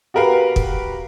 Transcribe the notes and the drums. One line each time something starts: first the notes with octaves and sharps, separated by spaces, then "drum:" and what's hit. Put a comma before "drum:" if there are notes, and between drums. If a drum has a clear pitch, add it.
F#4 G4 A#4 B4 F5
drum: kick